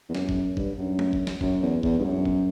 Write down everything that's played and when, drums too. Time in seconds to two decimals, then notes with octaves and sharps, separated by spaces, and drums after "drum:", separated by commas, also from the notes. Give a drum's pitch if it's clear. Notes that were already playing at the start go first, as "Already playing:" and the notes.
0.09 E2
0.15 F#2, drum: snare
0.29 drum: kick
0.57 G2, drum: kick
0.78 F#2
0.99 drum: tom G#3
1.13 drum: kick
1.27 drum: snare
1.41 F#2, drum: kick
1.62 E2
1.83 E2, drum: kick
1.98 G2
2.04 F#2
2.25 drum: kick